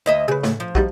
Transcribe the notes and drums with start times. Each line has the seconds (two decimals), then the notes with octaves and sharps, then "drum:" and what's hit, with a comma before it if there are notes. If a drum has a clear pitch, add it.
0.06 D2 D#5 E5
0.28 C#3 G#4 B4
0.44 A2, drum: snare
0.60 F3
0.75 G3 D#4 F#4, drum: kick